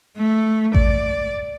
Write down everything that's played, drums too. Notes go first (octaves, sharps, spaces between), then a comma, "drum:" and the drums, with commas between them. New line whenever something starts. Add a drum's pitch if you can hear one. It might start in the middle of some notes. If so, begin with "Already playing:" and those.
A3
D5, drum: kick A1